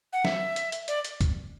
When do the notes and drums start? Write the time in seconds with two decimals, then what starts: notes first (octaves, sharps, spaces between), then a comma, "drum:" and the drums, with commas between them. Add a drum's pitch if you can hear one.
0.13 F#5
0.25 E5, drum: snare
0.56 drum: hi-hat
0.72 drum: hi-hat
0.88 D5, drum: hi-hat
1.05 drum: hi-hat
1.21 drum: kick, hi-hat